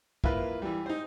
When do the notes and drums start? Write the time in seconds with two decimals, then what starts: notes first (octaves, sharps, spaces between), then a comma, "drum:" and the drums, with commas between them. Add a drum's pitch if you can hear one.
0.24 A#3 E4 F4 B4, drum: kick
0.62 E3 G3
0.86 D#4 C5